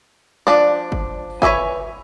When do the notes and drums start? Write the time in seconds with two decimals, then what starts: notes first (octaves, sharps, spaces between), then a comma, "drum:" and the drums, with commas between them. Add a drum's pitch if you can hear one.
0.47 F3 D4 D5
0.92 drum: kick
1.42 B4 C#5 D5 E5 G#5, drum: kick